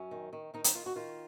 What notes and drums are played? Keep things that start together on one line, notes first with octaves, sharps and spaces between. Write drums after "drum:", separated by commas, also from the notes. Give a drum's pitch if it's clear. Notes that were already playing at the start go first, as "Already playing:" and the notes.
Already playing: F#2 C#4
D#3
D#3
D#3 D#4
D#4, drum: hi-hat
D#3 F4
F#4
D#3 F4